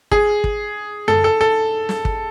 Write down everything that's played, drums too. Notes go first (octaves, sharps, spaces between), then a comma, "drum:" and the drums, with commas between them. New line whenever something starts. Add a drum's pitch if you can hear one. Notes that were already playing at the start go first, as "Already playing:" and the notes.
G#4, drum: kick
drum: kick
A4, drum: tom F#2
A4
A4
drum: snare
drum: kick